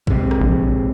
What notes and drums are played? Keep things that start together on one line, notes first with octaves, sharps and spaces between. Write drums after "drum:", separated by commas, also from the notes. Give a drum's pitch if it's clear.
G#2 C3, drum: kick A1
drum: rim click
A#1